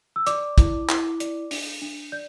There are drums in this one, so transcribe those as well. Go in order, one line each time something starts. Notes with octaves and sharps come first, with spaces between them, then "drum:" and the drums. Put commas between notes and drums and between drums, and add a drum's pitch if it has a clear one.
E6
D5 D6, drum: hi-hat
E4, drum: kick, hi-hat
E4, drum: clap
D5, drum: hi-hat
D4, drum: open hi-hat
D4
D5 G6